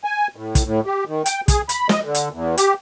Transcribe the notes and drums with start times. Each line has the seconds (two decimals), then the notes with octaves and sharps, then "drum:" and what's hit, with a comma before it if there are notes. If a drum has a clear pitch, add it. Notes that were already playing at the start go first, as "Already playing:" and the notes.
0.04 G#5
0.36 A2
0.55 drum: kick, hi-hat
0.64 A2
0.86 G4
1.07 D#3
1.26 G5, drum: hi-hat
1.48 G#4, drum: kick, hi-hat
1.69 B5, drum: hi-hat
1.89 D#5, drum: snare
2.04 D3
2.15 drum: hi-hat
2.32 E2
2.58 G4, drum: hi-hat